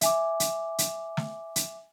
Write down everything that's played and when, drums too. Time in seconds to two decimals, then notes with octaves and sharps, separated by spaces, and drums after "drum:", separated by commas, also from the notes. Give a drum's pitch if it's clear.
0.01 E5 G#5 D6, drum: hi-hat
0.40 drum: hi-hat
0.78 drum: hi-hat
1.17 drum: snare
1.56 drum: hi-hat